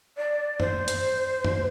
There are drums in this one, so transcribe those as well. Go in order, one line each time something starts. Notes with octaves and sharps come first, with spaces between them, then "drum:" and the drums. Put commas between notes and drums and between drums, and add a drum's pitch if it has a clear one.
D5
C5, drum: tom
drum: hi-hat
drum: tom